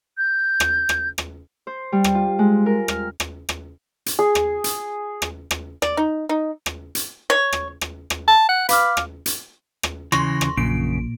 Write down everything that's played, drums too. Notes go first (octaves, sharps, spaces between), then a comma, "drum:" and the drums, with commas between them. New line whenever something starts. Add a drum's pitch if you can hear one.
G6
drum: rim click
drum: rim click
drum: rim click
C5
G3
drum: rim click
F4
G#3
A#4
F6, drum: rim click
drum: rim click
drum: rim click
drum: hi-hat
G#4
drum: rim click
drum: hi-hat
drum: rim click
drum: rim click
D5, drum: rim click
D#4
D#4
drum: rim click
drum: hi-hat
C#5
drum: rim click
drum: rim click
drum: rim click
A5
F#5
B4 F5 D6 F6, drum: hi-hat
drum: rim click
drum: hi-hat
drum: rim click
C#3 E3 C6 C#6 A#6, drum: rim click
drum: rim click
A#1 F#2 A#2 C#3 D7